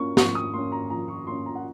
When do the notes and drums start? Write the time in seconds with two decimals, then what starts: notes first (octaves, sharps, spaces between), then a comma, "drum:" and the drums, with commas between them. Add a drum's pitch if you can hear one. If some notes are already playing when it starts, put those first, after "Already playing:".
Already playing: A#3 C#4 C#6
0.17 F3 C#6, drum: snare
0.35 D#6
0.53 A#3 C#4 C6
0.72 A#5
0.90 F3 A#5
1.08 C#6
1.27 A#3 C#4 C6
1.46 A#5
1.55 F#5